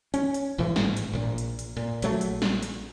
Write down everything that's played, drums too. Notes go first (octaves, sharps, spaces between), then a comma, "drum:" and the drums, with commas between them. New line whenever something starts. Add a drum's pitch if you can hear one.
C#4, drum: hi-hat
drum: hi-hat
G#1 A2 E3 F3
drum: snare
drum: hi-hat
A#1 A#2
drum: hi-hat
drum: hi-hat
A#2
A#1 F#3 A3, drum: hi-hat
drum: hi-hat
drum: snare
drum: hi-hat